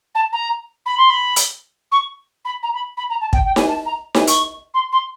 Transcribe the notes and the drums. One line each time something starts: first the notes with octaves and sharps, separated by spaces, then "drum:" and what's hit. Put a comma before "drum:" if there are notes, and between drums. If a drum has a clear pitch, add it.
A5
A#5
B5
C6
B5
drum: hi-hat
C#6
B5
A#5
B5
B5
A#5
A5
G5, drum: kick
G5
G#5, drum: snare D#4
A5
A#5
G#5, drum: snare D#4
C#6, drum: hi-hat
C6
C6